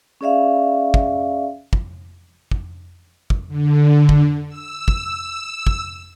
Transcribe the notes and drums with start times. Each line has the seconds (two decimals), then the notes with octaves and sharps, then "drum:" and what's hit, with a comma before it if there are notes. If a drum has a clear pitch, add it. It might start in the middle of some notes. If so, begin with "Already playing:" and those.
0.21 C#4 G#4 D5 E5 F5
0.94 drum: kick
1.73 drum: kick
2.51 drum: kick
3.30 drum: kick
3.48 D3
4.09 drum: kick
4.48 E6
4.88 drum: kick
5.67 drum: kick